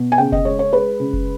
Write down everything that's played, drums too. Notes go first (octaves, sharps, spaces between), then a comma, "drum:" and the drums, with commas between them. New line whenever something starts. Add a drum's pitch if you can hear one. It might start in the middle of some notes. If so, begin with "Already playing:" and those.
Already playing: B2
G#5
C#3 G5
D#5, drum: kick F1
G#3 C#5
C#5
G#3 B4
C#3
drum: kick F1